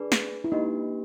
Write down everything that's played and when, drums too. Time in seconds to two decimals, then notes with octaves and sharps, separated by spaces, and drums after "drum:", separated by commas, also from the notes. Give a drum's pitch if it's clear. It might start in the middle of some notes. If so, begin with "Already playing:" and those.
Already playing: D4 G#4 B4 D5
0.12 drum: snare
0.44 E4
0.52 A#3 D4 D#4 G4 B4